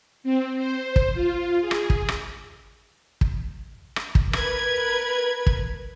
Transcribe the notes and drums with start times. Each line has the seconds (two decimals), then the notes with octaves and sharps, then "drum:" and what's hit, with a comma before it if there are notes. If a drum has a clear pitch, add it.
0.24 C4
0.57 C5
0.96 drum: kick
1.15 F4
1.61 G#4
1.71 drum: rim click
1.90 drum: kick
2.08 drum: rim click
3.21 drum: kick
3.96 drum: rim click
4.15 drum: kick
4.33 A#4 B4 G#6, drum: rim click
5.47 drum: kick